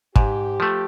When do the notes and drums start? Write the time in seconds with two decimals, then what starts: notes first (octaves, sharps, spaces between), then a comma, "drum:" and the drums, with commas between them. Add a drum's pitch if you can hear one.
0.16 G#2 G4, drum: kick
0.60 F3 A3